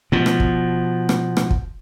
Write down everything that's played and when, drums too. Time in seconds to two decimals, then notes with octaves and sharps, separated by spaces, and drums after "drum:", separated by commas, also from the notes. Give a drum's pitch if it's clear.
0.12 B2 F3
0.26 drum: rim click
0.40 drum: kick
1.09 drum: rim click
1.37 drum: rim click
1.50 drum: kick